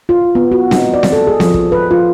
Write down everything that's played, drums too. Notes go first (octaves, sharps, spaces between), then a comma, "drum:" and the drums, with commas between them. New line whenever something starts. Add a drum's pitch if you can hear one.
F4
B3
F#4
D#4, drum: snare C4
D5
drum: snare C4
A4
G#4
F3, drum: snare C4
drum: kick
B4
F4